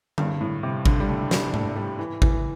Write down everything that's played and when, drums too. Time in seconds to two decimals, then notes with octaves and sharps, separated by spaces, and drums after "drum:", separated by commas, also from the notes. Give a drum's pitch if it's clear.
0.18 G2, drum: tom D3
0.41 A2
0.63 C3
0.86 D3, drum: kick G#1
1.00 G3
1.09 A3
1.31 G3, drum: snare
1.54 A3, drum: tom G#2
1.76 G3
1.99 E3
2.22 E3, drum: kick G#1